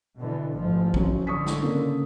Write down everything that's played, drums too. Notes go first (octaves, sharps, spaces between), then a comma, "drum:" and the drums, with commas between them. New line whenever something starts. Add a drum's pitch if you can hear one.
B2 D3 E3
A1 G#2 F3
F#3 C#4, drum: kick A#1
D3 C#6 D#6 B6
drum: snare
C#3 A#3